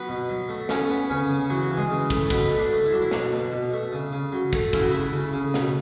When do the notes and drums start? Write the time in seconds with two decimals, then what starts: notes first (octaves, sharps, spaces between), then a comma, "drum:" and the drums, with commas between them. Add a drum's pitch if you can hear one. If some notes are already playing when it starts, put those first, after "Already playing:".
Already playing: F#3 B3 B4
0.09 B2
0.29 F#3
0.49 A3
0.69 B3 C#4 C#5, drum: snare
0.90 B3
1.10 C#3 C#4 C#5
1.30 C#3
1.50 E3 F#3 F#4
1.70 E3
1.77 G#3 G#4
1.91 C#3
2.10 A3, drum: kick
2.30 B2 B3 B4, drum: kick
2.51 A3
2.58 D4
2.71 A3
2.85 E4
2.92 F#3 D4
3.00 E4
3.11 B2 D4, drum: snare
3.32 B2
3.52 B2
3.72 A3
3.92 C#3
4.12 C#3
4.32 F#3
4.53 A3, drum: kick
4.73 C#3 E4, drum: kick
4.82 F#4
4.90 A3 E4
5.13 C#3
5.33 C#3
5.54 B2, drum: snare